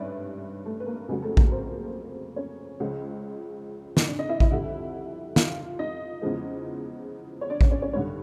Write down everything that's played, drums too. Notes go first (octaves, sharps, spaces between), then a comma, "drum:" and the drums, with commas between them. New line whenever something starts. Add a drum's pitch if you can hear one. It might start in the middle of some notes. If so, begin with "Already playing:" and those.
Already playing: G#1 G2 G3 C#4 B4 D5 E5
A3 A4
B4
A#3 A#4
F2 C#3 F#3 G#3 G#4
A3 A4
A#3 A#4, drum: kick A1
C4 C5
C#4 C#5
C#2 C#3 F3 G#3
drum: snare
D4 D5
D#4 D#5
E4 E5
E4 E5, drum: kick A1
F2 D3 G3
F4 F5, drum: snare
D#4 D#5
E2 C#3 F3 G#3
C#5
D4 D5
C#4 C#5, drum: kick A1
C#4 C#5
C#4 C#5
G#1 G2 D3 C#4 C#5